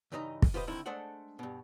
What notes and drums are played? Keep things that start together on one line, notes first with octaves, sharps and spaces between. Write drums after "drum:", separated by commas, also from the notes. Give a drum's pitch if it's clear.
G2 C#3 E3 D#4 D#5 A#5
drum: kick
F4 G4 B4 C5 D#5 F5
D3 D#3 C4 E4
G#3 A3 D4 A4 C5 F#5
G2 B2